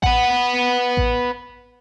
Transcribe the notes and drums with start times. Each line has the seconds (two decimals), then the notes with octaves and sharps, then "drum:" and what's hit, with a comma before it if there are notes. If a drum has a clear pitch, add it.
0.03 B4 F#5, drum: kick A1
0.97 drum: kick A1